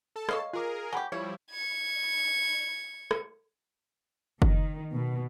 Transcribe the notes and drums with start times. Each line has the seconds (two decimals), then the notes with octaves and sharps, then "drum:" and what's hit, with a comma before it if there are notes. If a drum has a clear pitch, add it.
0.16 A4 A5
0.29 C#5 D#5 F5 F6, drum: rim click
0.53 F4 G#4 A#4 D6
0.93 F#3 G4 G#5 B5
1.12 F3 G3 E4 C#5
1.51 G#6 C#7
3.11 drum: rim click
4.42 D#3, drum: kick
4.92 B2